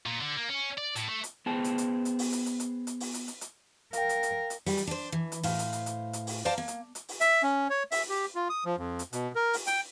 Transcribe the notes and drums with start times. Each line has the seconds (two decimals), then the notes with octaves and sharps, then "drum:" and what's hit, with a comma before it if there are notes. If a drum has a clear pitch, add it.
0.06 A#2
0.21 D3
0.37 A#3
0.49 C#4
0.78 D5
0.96 A2, drum: hi-hat
1.09 A3
1.24 drum: hi-hat
1.46 B3 G#4 C5 G5 A5
1.64 drum: hi-hat
1.78 drum: hi-hat
2.05 drum: hi-hat
2.19 drum: open hi-hat
2.32 drum: hi-hat
2.46 drum: hi-hat
2.60 drum: hi-hat
2.87 drum: hi-hat
3.00 drum: open hi-hat
3.14 drum: hi-hat
3.28 drum: hi-hat
3.41 drum: hi-hat
3.93 A#4 F5 G5, drum: hi-hat
4.09 drum: hi-hat
4.23 drum: hi-hat
4.50 drum: hi-hat
4.66 G3, drum: open hi-hat
4.77 drum: hi-hat
4.87 D4 C5
5.12 E3
5.32 drum: hi-hat
5.43 A2 C5 F5, drum: open hi-hat
5.59 drum: hi-hat
5.73 drum: hi-hat
5.86 drum: hi-hat
6.13 drum: hi-hat
6.27 drum: open hi-hat
6.45 C5 D5 F5 A5 A#5
6.58 A#3
6.68 drum: hi-hat
6.95 drum: hi-hat
7.09 drum: open hi-hat
7.21 E5, drum: hi-hat
7.43 C#4
7.70 C#5
7.92 E5, drum: open hi-hat
8.09 G4
8.35 F4
8.49 D#6
8.65 F3
8.78 F2
8.99 drum: hi-hat
9.13 B2, drum: hi-hat
9.35 A#4
9.53 drum: open hi-hat
9.67 G5, drum: hi-hat